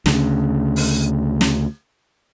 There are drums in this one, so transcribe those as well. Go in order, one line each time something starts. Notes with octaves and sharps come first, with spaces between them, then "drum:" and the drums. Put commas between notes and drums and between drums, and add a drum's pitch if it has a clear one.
D2 C#3, drum: snare
drum: open hi-hat
drum: snare